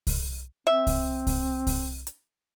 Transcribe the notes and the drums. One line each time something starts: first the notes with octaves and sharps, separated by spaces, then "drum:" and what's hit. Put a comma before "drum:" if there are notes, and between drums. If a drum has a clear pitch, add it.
drum: kick C2, open hi-hat
C4 E5
drum: kick C2, open hi-hat
drum: kick C2, open hi-hat
drum: kick C2, open hi-hat
drum: hi-hat